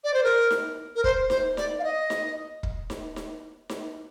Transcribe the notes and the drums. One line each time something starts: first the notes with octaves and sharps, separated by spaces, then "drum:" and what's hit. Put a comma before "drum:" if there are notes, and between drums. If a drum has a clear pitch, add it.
D5
C5
A#4
drum: snare D#4
A#4
C5, drum: kick
C5, drum: snare D#4
D5, drum: snare D#4
F5
D#5
drum: snare D#4
drum: kick
drum: snare D#4
drum: snare D#4
drum: snare D#4